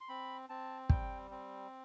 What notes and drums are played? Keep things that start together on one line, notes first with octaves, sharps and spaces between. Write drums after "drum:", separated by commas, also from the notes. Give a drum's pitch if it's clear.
C6
C4 B5
C4 A5
G3 G5, drum: kick
C4